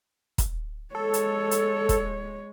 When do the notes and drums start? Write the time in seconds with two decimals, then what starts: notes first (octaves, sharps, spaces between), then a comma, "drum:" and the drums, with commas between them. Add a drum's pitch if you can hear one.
0.38 drum: kick, hi-hat
0.95 G#3 A4 C#5
1.14 drum: hi-hat
1.51 drum: hi-hat
1.89 drum: kick, hi-hat